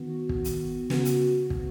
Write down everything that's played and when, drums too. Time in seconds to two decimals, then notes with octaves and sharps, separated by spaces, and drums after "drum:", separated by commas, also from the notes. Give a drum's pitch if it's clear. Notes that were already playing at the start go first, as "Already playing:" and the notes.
Already playing: D#3 B3 F#4
0.29 drum: kick
0.44 drum: hi-hat
0.90 C#3 B3 F#4, drum: snare
1.05 drum: hi-hat
1.50 drum: kick